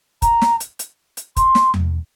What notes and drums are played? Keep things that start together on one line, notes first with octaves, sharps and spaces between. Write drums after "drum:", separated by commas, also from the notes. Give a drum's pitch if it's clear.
A#5, drum: kick, hi-hat
drum: snare
drum: hi-hat
drum: hi-hat
drum: hi-hat
C6, drum: kick, hi-hat
drum: snare
drum: tom E2